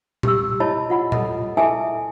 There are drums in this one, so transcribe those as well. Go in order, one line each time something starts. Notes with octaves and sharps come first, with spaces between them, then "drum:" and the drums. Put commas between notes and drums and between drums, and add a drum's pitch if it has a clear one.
G4 E6, drum: tom A#2
E4 C#5 D#5 A5 B5
F4 F#5 B5
A4 D#5, drum: tom A#2
E4 G#4 A4 E5 G#5 A5